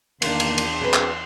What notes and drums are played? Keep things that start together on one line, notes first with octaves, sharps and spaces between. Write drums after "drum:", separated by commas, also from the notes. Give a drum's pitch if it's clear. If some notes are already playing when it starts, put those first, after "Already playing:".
E2 D#3 A#3 D4 C6, drum: cymbal
drum: cymbal
drum: cymbal
F#3 C4 G#4 B4
drum: clap